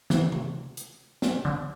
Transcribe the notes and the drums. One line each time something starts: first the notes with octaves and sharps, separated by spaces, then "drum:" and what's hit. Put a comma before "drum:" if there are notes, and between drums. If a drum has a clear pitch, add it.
E3, drum: snare
drum: tom C3
drum: hi-hat
drum: snare
D3